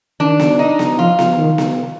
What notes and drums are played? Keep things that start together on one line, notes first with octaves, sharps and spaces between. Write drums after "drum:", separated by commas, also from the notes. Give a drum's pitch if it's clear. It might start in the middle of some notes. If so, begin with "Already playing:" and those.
D#3 D4
drum: snare B3
D#4
drum: snare B3
F3 F4
drum: snare B3
D#3
drum: snare B3